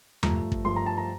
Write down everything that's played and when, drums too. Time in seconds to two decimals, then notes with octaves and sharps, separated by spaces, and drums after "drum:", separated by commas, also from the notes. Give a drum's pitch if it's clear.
0.23 G2 F3 A3 A#5, drum: tom E2
0.52 drum: kick
0.64 G2 F3 A3 C6
0.76 A#5
0.86 A5
0.98 A#5